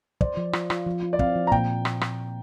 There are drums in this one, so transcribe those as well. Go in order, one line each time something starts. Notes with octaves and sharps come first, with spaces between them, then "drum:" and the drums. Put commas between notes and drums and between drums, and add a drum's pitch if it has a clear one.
C5 D5, drum: kick
F3
F4, drum: rim click
F4, drum: rim click
F3
F4
D5
C4 F5, drum: kick
F3
A#5
A#2 G5, drum: kick
drum: rim click
drum: rim click